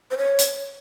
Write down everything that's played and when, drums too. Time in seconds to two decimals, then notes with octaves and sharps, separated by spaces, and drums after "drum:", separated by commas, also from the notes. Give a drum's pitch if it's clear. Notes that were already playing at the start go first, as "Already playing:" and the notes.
0.11 C5
0.18 C#5
0.39 drum: hi-hat